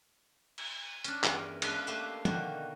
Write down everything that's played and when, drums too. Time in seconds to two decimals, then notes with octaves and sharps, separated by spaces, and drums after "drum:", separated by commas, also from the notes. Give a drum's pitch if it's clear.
0.58 drum: cymbal
1.04 C#4 D4, drum: hi-hat
1.24 E2 G2 C#4 A#4, drum: clap
1.62 G#3 C#4 D4 B4 E5 F5, drum: cymbal
1.87 A3 A#3 G4 B4 C5 E5
2.25 B2 D3 D#3 A#3 F#4, drum: tom